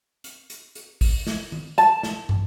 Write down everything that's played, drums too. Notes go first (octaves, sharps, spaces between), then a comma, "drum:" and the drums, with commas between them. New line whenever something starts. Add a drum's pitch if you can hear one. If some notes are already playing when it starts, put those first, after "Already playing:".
drum: hi-hat
drum: hi-hat
drum: hi-hat
drum: kick, open hi-hat
drum: snare
drum: tom D#3
A5, drum: hi-hat
drum: snare
drum: tom